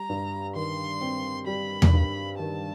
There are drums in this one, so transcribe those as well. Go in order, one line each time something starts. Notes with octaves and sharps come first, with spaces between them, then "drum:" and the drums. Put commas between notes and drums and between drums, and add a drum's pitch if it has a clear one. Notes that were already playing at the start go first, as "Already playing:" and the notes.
Already playing: G3 A#5
G2
D#3 C6
C4
G3 B5
drum: tom E2
G2
D#3 A5